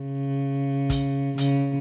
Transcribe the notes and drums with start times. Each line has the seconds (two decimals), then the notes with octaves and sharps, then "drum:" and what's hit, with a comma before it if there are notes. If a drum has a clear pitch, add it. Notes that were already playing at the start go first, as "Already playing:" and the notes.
Already playing: C#3
0.90 drum: kick, hi-hat
1.38 C#3, drum: hi-hat